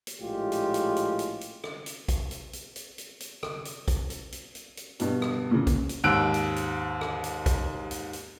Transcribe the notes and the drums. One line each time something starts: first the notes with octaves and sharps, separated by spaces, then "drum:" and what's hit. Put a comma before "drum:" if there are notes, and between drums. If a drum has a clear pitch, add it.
drum: hi-hat
A#1 A2 G#3 F4 G4
drum: hi-hat
drum: hi-hat
drum: hi-hat
drum: hi-hat
drum: hi-hat
drum: rim click
drum: hi-hat
drum: kick, hi-hat
drum: hi-hat
drum: hi-hat
drum: hi-hat
drum: hi-hat
drum: hi-hat
drum: rim click
drum: hi-hat
drum: kick, hi-hat
drum: hi-hat
drum: hi-hat
drum: hi-hat
drum: hi-hat
G2 B2, drum: hi-hat
drum: rim click
A#2 C#3
drum: kick, hi-hat
drum: hi-hat
D#2 G#2 E6 F#6 D7
drum: hi-hat
drum: hi-hat
drum: rim click
drum: hi-hat
drum: kick, hi-hat
drum: hi-hat
drum: hi-hat